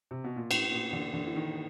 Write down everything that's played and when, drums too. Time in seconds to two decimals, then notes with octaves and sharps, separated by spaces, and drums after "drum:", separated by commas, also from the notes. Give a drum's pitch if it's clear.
0.11 C3
0.24 B2
0.36 A#2
0.51 A2, drum: cymbal
0.71 A#2
0.93 D3
1.14 D3
1.27 E3
1.36 D#3